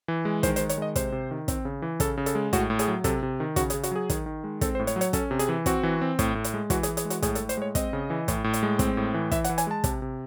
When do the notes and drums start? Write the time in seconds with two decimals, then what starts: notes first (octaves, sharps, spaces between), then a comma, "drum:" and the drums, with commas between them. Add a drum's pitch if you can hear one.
0.08 E3
0.25 G#3
0.43 D#3 C5, drum: kick, hi-hat
0.56 C5, drum: hi-hat
0.61 D#3
0.69 C#5, drum: hi-hat
0.78 G#3 D#5
0.96 C3 C5, drum: kick, hi-hat
1.12 C3
1.31 D#3
1.48 C4, drum: kick, hi-hat
1.65 C#3
1.82 E3
2.00 C#3 A4, drum: kick, hi-hat
2.17 C#3
2.26 A4, drum: hi-hat
2.35 G#3
2.53 A2 F#4, drum: kick, hi-hat
2.70 A2
2.79 G#4, drum: hi-hat
2.88 F#3
3.04 C3 A4, drum: kick, hi-hat
3.23 C3
3.40 D#3
3.56 C#3 F#4, drum: kick, hi-hat
3.70 G#4, drum: hi-hat
3.74 C#3
3.83 F#4, drum: hi-hat
3.91 F#3 G#4
4.10 D#3, drum: kick, hi-hat
4.26 D#3
4.44 G#3
4.61 C4 A4, drum: kick, hi-hat
4.75 C5
4.79 A2
4.87 C#5, drum: hi-hat
4.96 F#3
5.01 C#5, drum: hi-hat
5.13 C#4 A4, drum: kick, hi-hat
5.31 C3
5.39 G#4, drum: hi-hat
5.49 E3
5.66 C4 F#4, drum: kick, hi-hat
5.83 E3
6.01 C4
6.19 A2, drum: kick, hi-hat
6.35 A2
6.44 drum: hi-hat
6.54 G#3
6.70 E3 F#4, drum: kick, hi-hat
6.83 G#4, drum: hi-hat
6.88 E3
6.97 G#4, drum: hi-hat
7.05 G#3
7.10 F#4, drum: hi-hat
7.23 A2 G#4, drum: kick, hi-hat
7.35 A4, drum: hi-hat
7.40 A2
7.49 C5, drum: hi-hat
7.57 G#3 C#5
7.75 C4 D#5, drum: kick, hi-hat
7.93 C#3
8.10 E3
8.28 A2, drum: kick, hi-hat
8.44 A2
8.54 drum: hi-hat
8.63 G#3
8.79 C4, drum: kick, hi-hat
8.97 A2
9.14 E3
9.31 E3 E5, drum: kick, hi-hat
9.44 F#5, drum: hi-hat
9.49 E3
9.58 G#5, drum: hi-hat
9.67 G#3 A5
9.84 C3, drum: kick, hi-hat
10.02 C3